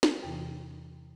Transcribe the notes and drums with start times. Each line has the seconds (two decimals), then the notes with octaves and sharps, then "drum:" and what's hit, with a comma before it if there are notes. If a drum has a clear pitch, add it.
0.03 drum: snare
0.23 E2 C3 E3 G5